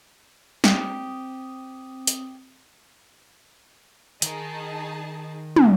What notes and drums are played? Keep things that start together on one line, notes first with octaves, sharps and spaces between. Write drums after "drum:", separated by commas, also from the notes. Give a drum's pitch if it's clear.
C4 G4 D#6, drum: snare
drum: hi-hat
D#3 D#4 G#4 A#4 A5, drum: hi-hat
drum: tom